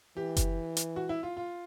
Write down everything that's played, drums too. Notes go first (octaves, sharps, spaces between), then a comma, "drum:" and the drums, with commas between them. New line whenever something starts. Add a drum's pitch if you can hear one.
E3 G4
drum: kick F#1, hi-hat
drum: hi-hat
F#4
E4
F4
F4